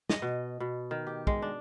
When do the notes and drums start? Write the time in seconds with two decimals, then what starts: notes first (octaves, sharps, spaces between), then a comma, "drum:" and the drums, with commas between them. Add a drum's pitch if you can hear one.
0.09 D#5, drum: snare
0.22 B2
0.60 B2
0.91 D#3
1.07 G4
1.27 G#3, drum: kick
1.42 D4